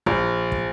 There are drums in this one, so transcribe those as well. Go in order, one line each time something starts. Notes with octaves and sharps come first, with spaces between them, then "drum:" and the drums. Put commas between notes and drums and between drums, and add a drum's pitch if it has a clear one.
A#1, drum: kick
drum: kick